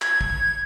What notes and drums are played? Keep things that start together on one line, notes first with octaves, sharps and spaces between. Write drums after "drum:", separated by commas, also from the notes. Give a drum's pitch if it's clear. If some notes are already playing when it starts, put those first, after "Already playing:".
G#6, drum: clap
drum: kick